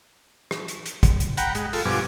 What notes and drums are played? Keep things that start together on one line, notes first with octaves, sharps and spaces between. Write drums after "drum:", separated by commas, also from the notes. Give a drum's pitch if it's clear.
drum: rim click
drum: hi-hat
drum: hi-hat
drum: kick, hi-hat
drum: hi-hat
F#5 G5 A#5 B5, drum: hi-hat
G#3, drum: hi-hat
F4 A4, drum: open hi-hat
G2 B2 F3 G#5 D6